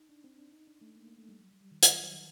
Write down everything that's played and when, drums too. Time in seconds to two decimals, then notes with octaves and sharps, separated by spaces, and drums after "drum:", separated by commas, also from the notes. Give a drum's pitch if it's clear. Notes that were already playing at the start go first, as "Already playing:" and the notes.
Already playing: D#4
0.09 D4
0.24 C4
0.39 D4
0.52 D#4
0.67 D4
0.81 A3
0.96 A#3
1.07 A#3
1.18 A3
1.29 G3
1.40 F#3
1.50 G3
1.61 G3
1.71 D#3
1.83 D#3, drum: hi-hat
1.93 F#3
2.04 F#3
2.15 D#3